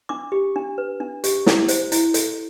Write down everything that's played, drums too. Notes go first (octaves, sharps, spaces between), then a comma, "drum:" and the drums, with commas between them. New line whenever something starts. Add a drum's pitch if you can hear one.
D4 D6
G4
D4
B4
D4
G4, drum: hi-hat
E4, drum: snare
C5, drum: hi-hat
E4, drum: hi-hat
A4, drum: hi-hat